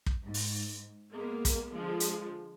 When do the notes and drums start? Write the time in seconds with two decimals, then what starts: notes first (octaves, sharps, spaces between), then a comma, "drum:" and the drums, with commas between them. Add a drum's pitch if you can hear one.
0.06 drum: kick
0.23 G#2
0.34 drum: open hi-hat
1.13 G#3 A#3 B3
1.45 drum: kick, hi-hat
1.72 D3 F3 G#3
2.00 drum: hi-hat